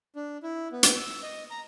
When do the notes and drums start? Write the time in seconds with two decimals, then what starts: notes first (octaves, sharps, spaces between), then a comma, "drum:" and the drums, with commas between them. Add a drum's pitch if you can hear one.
0.16 D4
0.43 E4
0.72 B3
0.83 drum: hi-hat
0.97 E6
1.23 D#5
1.50 A#5